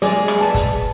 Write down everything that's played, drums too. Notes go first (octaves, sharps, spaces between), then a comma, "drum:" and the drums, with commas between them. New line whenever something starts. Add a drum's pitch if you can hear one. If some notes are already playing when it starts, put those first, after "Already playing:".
G#3 G#4 D5, drum: hi-hat
drum: rim click
B3 B4 A5
drum: kick G1, hi-hat